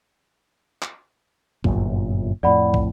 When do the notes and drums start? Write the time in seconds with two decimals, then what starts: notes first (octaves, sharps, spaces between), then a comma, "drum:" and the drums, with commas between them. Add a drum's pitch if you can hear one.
0.82 drum: clap
1.64 G1 F#2 A#2, drum: kick
2.43 F2 A2 D5 F#5 B5
2.74 drum: kick